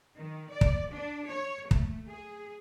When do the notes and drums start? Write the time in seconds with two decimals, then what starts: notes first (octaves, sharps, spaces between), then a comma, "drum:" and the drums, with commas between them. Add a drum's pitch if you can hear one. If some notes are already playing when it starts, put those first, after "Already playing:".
0.18 D#3
0.52 D5
0.61 drum: kick
0.92 D4
1.29 C#5
1.71 A3, drum: kick
2.09 G#4